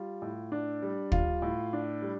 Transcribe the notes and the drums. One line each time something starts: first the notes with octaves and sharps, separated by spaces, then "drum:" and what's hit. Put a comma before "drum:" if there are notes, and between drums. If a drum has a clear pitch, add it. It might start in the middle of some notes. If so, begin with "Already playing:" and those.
Already playing: G3 F4
A2
D4
G3
F4, drum: kick
A2
D4
G3